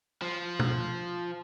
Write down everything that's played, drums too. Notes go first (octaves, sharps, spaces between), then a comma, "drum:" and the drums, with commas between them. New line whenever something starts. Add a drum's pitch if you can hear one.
F3
drum: tom B2